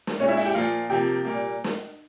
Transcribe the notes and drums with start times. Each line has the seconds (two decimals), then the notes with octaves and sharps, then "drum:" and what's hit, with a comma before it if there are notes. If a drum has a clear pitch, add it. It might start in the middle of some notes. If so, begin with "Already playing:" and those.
0.07 drum: snare
0.19 A#2 C#4 C#5
0.24 G#3 E4 E5
0.37 E4 E5, drum: open hi-hat
0.46 G4 G5
0.54 A#2 F3 A#3 F4 F5
0.90 C3 F3 A#3 G4 G5
1.25 A#2 G3 A#3
1.64 drum: snare